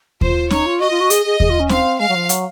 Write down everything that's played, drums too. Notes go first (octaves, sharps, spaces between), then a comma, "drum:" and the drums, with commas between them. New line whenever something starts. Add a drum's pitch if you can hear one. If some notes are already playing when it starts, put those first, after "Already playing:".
F4 C5, drum: kick D#2
D#4 C#5, drum: snare
F4
F#4 D#5
F4
F#4
G#4, drum: hi-hat
G#4
G#4, drum: kick D#2
F4
C#4
C4 F5, drum: snare
G#3 F5
F#3
F3
F#3, drum: hi-hat